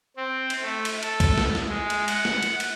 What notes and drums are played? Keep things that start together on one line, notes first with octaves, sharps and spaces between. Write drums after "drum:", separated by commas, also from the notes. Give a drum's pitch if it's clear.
C4
drum: cymbal
A3
drum: cymbal
A4, drum: cymbal
drum: kick, cymbal
drum: snare
drum: snare
G#3
drum: cymbal
F#5, drum: cymbal
drum: snare
drum: cymbal
drum: cymbal